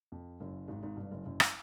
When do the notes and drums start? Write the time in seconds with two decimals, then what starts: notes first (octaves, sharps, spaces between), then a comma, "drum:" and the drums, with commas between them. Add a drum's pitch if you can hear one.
0.12 F2
0.40 F#1 F#2
0.68 G#1 G#2
0.83 G#1 G#2
0.97 G1 G2
1.11 F#1 F#2
1.26 F#1 F#2
1.40 drum: rim click